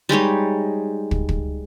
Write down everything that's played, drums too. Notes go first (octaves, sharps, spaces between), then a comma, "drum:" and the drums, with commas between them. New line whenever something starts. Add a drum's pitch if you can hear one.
G3 G#3 D#4 C#5
drum: kick
drum: kick